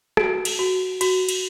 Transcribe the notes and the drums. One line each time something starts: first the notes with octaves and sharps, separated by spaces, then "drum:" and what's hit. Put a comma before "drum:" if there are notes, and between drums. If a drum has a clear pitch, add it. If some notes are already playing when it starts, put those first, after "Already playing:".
F#4 D7, drum: rim click
drum: cymbal
F#4
F#4, drum: cymbal
drum: cymbal